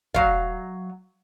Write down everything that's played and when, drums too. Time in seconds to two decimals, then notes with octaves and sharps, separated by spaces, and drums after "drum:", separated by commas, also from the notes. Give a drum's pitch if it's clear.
0.15 F#3 F5, drum: kick